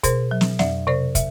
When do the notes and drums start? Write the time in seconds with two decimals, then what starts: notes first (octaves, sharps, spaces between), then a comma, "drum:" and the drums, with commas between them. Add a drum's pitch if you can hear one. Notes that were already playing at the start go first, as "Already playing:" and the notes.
0.03 B2 A#4 C5, drum: kick, hi-hat
0.31 F#3
0.41 drum: snare
0.59 F2 D5 E5, drum: snare
0.87 C3 C5 D5
1.15 E5, drum: kick, hi-hat